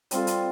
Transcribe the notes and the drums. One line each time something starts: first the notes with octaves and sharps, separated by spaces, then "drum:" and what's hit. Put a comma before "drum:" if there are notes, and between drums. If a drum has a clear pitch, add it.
G3 C4 F4 A4, drum: hi-hat
drum: hi-hat